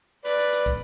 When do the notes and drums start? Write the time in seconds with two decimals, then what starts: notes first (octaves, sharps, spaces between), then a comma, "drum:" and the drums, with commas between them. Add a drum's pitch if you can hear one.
0.25 B4 D5, drum: hi-hat
0.39 drum: hi-hat
0.52 drum: hi-hat
0.66 drum: kick, hi-hat